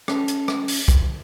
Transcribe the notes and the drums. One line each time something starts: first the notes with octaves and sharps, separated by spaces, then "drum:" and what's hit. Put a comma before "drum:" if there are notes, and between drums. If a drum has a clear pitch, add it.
C#4 A4, drum: rim click
drum: hi-hat
drum: rim click
drum: open hi-hat
drum: kick, hi-hat